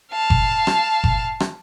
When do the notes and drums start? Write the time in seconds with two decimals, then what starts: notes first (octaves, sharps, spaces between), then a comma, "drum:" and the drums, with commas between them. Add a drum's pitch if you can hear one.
0.12 F5 A5
0.30 drum: kick F#1
0.67 drum: rim click
1.04 drum: kick F#1
1.40 drum: rim click